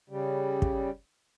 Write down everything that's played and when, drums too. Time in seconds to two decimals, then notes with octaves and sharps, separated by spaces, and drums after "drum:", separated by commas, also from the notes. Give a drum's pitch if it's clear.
0.10 C#3 G3
0.62 drum: kick